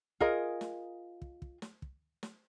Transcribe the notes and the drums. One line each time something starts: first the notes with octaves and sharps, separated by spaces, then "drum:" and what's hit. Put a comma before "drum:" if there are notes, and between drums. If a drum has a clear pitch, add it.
F4 G#4 A#4 D#5, drum: kick
drum: snare
drum: kick
drum: kick
drum: snare
drum: kick
drum: snare